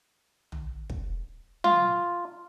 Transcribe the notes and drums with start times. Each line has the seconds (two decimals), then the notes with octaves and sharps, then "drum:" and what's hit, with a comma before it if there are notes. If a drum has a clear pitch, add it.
0.52 drum: tom
0.90 drum: kick
1.64 F4, drum: tom F#3